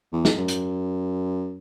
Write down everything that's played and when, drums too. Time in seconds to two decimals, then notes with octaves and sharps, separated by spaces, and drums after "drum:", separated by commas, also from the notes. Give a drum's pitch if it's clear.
0.13 E2
0.25 drum: snare
0.37 F#2
0.48 drum: hi-hat